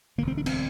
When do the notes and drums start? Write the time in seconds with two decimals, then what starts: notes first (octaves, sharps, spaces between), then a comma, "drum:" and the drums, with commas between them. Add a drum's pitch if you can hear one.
0.18 E1 D2 D3 A#3
0.28 C4
0.37 D4
0.46 C4, drum: cymbal